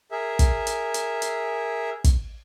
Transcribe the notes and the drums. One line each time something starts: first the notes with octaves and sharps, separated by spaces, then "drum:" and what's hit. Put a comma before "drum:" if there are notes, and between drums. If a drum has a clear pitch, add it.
G#4 A#4 E5
drum: kick, hi-hat
drum: hi-hat
drum: hi-hat
drum: hi-hat
drum: kick, hi-hat